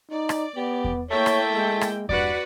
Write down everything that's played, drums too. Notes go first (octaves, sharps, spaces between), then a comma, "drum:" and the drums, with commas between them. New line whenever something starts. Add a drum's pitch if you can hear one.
D#4 D5
drum: rim click
B3 G4
drum: kick E2
A3 A#3 E4 C#5 G5
drum: rim click
G#3
drum: rim click
G2 F#4 B4 D5 F#5, drum: kick E2